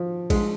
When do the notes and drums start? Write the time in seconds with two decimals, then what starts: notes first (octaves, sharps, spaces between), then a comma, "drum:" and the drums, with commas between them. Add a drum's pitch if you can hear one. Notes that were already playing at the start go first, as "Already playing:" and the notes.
Already playing: F3
0.30 G#3, drum: kick A1, cymbal